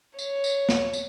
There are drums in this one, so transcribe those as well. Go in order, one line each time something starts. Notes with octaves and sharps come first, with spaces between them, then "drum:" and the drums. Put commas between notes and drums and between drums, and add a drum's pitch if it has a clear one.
C#5, drum: tambourine
drum: tambourine
drum: snare
drum: tambourine